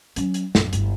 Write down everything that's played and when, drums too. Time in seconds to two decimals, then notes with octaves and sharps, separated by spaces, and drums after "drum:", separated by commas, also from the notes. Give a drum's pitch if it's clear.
0.16 F#3 C#4, drum: hi-hat
0.34 drum: hi-hat
0.55 A#1 F#2, drum: snare
0.73 G1 E4, drum: hi-hat